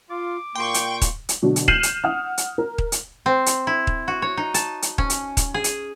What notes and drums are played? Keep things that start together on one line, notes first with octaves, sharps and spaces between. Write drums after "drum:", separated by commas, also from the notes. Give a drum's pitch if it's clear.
F4 F5 D6
A#2 A#3 G5 C6 C#6
drum: hi-hat
drum: kick D#1, hi-hat
drum: hi-hat
B2 D3 F#3
drum: hi-hat
F6 G6 C7 D#7 E7 F#7, drum: kick D#1
drum: hi-hat
F#5 D#6 F6
drum: hi-hat
A#4
drum: kick D#1
drum: hi-hat
C4
drum: hi-hat
E4
drum: kick D#1
F#4
C#5
D#4
A5, drum: hi-hat
drum: hi-hat
C#4, drum: kick D#1
drum: hi-hat
drum: kick D#1, hi-hat
G#4
drum: hi-hat